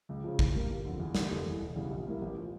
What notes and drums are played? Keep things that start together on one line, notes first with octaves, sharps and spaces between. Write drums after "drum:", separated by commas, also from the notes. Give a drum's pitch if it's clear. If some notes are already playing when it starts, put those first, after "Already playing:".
C#2
C#3 F3
A2, drum: kick
G3 A#3
G1
F2 D3
E2
D3 G3 A#3, drum: snare
F1
E2 E3
E1
E2 C#3 G3
A#1
A2 G3 A#3 E4
A1
F3